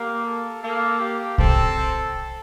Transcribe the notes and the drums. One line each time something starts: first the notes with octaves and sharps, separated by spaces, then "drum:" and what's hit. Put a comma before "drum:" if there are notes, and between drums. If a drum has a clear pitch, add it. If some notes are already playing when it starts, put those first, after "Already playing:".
Already playing: A#3 G4
A4
A#3 A4
G4
C4 A4, drum: kick